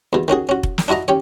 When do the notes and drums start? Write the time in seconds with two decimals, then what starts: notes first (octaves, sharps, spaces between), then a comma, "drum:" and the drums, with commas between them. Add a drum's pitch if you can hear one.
0.13 E2 B2
0.28 D#3 C#4 F#4 G#4
0.49 C#4 F#4
0.63 drum: kick F1
0.78 drum: snare
0.88 D4 E4 F#4 D#5 A#5
1.08 C#4 G4 C#5